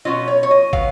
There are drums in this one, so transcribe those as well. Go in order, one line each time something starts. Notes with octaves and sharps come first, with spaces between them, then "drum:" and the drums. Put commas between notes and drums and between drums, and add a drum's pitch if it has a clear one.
B2 F#3 C#4 F4 D#5
C#5
C#5
D#5
F#3 B3 F5, drum: kick